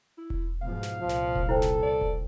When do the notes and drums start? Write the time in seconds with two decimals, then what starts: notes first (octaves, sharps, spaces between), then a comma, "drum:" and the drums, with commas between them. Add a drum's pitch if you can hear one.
0.18 E4
0.30 drum: kick E1
0.62 G#2 B2 F3 F5
0.83 drum: snare
1.00 C2 A#2 F3
1.09 drum: snare
1.36 drum: kick E1
1.49 E4 A4 C5 G5
1.62 drum: snare
1.83 D5
2.01 drum: kick E1